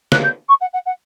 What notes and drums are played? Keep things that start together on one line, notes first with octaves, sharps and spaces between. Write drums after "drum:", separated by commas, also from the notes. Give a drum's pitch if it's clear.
F#6, drum: snare
G6
C#6
F#5
F#5
F#5